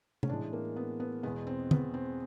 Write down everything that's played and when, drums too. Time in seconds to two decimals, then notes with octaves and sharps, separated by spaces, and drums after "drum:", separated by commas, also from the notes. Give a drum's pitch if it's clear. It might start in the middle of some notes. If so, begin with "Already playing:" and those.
0.23 C#4, drum: tom C3
0.29 A2 E3 G#3 D4
0.53 A#3
0.76 B3
1.00 B3
1.23 E2 B2 G#3 B3
1.47 C4
1.71 B3, drum: tom D3
1.94 C4